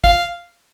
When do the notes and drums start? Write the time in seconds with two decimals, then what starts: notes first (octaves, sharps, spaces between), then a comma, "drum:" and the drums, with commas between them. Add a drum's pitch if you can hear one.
0.04 F5, drum: kick